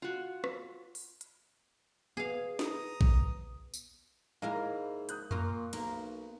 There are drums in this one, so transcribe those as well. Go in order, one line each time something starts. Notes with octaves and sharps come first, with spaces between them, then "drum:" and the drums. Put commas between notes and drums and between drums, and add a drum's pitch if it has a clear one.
F4 F#4
drum: rim click
drum: open hi-hat
drum: hi-hat
B3 G#4 F5
A#5 D#6, drum: snare
drum: kick A#1
drum: tambourine
G#2 G#3 A#3 E4 A#4 F5
D#6 F#6 G6, drum: hi-hat
A#2 A#3 F4 C6 C#6, drum: tom F2
B1 A#3, drum: cymbal